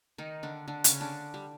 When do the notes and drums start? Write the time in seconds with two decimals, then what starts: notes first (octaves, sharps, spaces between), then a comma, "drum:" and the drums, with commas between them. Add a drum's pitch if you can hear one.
0.18 D#3 D#4
0.43 D3 D4
0.68 D3 D4
0.84 C#3 C#4, drum: hi-hat
1.00 D3 D4
1.34 G3